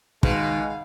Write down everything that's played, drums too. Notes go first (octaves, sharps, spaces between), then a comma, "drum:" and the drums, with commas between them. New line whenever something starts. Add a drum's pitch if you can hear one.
B2 D#3 G#3 F5, drum: kick